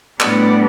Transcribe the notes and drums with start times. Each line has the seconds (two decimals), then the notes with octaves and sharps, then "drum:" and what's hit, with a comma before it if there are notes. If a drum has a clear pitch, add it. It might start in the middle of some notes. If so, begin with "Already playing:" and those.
0.20 A2 G3 B3 D4 D5 F#5, drum: clap